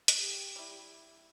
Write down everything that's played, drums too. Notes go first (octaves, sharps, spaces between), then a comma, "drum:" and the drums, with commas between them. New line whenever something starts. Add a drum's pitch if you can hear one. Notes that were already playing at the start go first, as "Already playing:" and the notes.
drum: hi-hat
G4
G3 E4